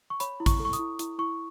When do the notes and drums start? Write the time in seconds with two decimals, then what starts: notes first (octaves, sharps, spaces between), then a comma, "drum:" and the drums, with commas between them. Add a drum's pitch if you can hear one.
0.10 C#6
0.20 C#5 B5, drum: hi-hat
0.40 E4
0.46 C#6, drum: kick A1, hi-hat
0.60 A4
0.65 C#6
0.73 D#6, drum: hi-hat
0.79 E4
0.99 E4, drum: hi-hat
1.19 E4 C#6